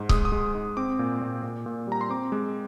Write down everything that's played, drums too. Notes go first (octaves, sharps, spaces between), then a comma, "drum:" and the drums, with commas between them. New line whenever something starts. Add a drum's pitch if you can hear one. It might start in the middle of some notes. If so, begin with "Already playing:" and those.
Already playing: G#2
G#3 D#6, drum: kick C#1
D#6
G#3
G#2
C4 D6
A#2
A#2
A#2
A#2
G3 A#5
C6
C4 D6
G#3